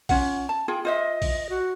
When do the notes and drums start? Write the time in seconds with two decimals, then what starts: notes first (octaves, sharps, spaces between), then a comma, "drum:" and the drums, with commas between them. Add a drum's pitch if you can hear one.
0.09 C#4 F4 F#5, drum: kick A#1, open hi-hat
0.49 A5
0.68 F4 G#4 G5
0.85 F4 C5 D#5 E5
1.22 drum: kick A#1, open hi-hat
1.50 F#4